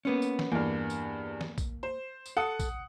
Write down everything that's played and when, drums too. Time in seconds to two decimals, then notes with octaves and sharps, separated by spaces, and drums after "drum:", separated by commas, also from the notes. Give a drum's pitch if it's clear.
0.05 A#3 B3 C#4
0.22 drum: tambourine
0.39 drum: snare
0.52 E2 G2 A#3
0.90 drum: tambourine
1.41 drum: snare
1.58 drum: kick, tambourine
1.83 C5
2.26 drum: tambourine
2.37 A4 F#5 D#6
2.60 drum: kick, tambourine